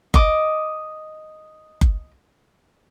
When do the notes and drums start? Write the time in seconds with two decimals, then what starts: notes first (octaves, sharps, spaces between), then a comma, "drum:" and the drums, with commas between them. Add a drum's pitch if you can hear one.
0.14 D#5 D6, drum: kick F#1
1.81 drum: kick F#1